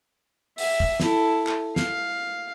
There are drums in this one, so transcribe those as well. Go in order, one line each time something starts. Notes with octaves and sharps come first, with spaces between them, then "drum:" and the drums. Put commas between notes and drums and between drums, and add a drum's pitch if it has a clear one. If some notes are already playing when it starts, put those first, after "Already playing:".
E5, drum: open hi-hat
drum: kick
E4 A4, drum: snare
drum: clap
F5, drum: snare